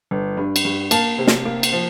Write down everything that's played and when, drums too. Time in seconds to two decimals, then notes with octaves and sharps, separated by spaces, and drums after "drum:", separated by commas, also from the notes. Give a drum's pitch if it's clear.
0.11 G1
0.37 G2
0.56 drum: cymbal
0.65 G2
0.91 A#3 A5, drum: cymbal
1.18 C3
1.27 drum: snare
1.45 A#3
1.63 drum: cymbal
1.73 F3